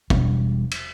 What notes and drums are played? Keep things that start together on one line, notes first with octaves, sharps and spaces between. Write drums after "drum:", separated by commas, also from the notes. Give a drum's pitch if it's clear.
E1 G3, drum: kick
drum: cymbal